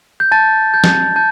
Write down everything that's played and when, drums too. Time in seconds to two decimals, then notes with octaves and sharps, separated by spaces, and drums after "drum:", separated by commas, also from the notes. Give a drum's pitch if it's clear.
0.20 G6
0.32 A5 A6
0.74 G6
0.84 drum: snare
1.16 A5 G6